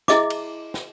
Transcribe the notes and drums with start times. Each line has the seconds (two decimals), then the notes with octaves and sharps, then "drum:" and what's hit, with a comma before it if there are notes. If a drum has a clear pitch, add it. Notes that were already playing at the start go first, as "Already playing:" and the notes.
0.08 E4 G#4 D#5 E5 D6, drum: snare
0.30 drum: cymbal
0.74 drum: snare